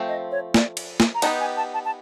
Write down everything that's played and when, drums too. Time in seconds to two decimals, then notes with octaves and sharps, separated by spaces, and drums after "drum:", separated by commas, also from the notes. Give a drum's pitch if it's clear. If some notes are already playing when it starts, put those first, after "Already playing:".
Already playing: F3 A3 C4
0.08 D#5
0.31 C#5
0.54 D5, drum: snare
0.77 drum: cymbal
1.00 drum: snare
1.15 A#5
1.22 B3 D#4 G4 A5, drum: cymbal
1.40 G#5
1.57 A5
1.74 A5
1.85 A5